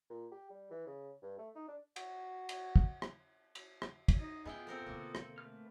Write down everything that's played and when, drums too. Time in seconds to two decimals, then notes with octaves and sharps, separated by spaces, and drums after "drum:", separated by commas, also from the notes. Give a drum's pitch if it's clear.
0.10 A#2
0.32 G4
0.50 G3
0.71 E3
0.86 C#3
1.22 G2
1.38 A3
1.55 D#4
1.68 D4
1.96 F#4, drum: cymbal
2.49 drum: cymbal
2.76 drum: kick
3.02 drum: rim click
3.55 drum: cymbal
3.82 drum: rim click
4.08 drum: kick, cymbal
4.19 D#4 D#5
4.45 G#2 G#3 B3 E4 F4 G5
4.67 C4 A4 A#4 C5
4.86 B2 D3 A#3
5.15 drum: rim click
5.38 A3 B4 F6